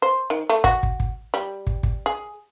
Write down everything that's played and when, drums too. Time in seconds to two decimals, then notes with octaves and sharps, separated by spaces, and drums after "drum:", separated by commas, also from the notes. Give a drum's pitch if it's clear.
0.02 C5
0.30 D#3
0.49 A3
0.64 F#4, drum: kick
0.83 drum: kick
1.00 drum: kick
1.34 G3
1.67 drum: kick
1.83 drum: kick
2.06 G#4